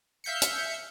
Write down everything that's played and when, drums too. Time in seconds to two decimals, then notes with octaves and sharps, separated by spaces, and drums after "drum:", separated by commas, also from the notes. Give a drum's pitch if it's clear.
0.24 E5 F5 G6 B6 C#7
0.42 drum: hi-hat